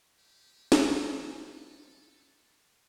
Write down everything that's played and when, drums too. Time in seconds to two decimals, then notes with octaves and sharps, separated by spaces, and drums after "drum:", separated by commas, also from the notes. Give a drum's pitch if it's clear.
0.18 G4
0.72 drum: snare
1.19 A4